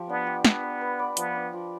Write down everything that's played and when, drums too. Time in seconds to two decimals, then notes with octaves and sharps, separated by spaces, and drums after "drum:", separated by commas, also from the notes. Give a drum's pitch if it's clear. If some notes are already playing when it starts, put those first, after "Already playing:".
Already playing: F3 G4
0.09 B3 D4
0.27 G4
0.45 B3 D4, drum: snare
0.63 B4
0.81 B4
0.99 D5
1.17 F3 B3, drum: hi-hat
1.36 D4
1.53 F3